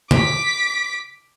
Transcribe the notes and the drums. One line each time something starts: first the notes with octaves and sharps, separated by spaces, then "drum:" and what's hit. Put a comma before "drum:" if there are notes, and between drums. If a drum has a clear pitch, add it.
D6 B6, drum: tom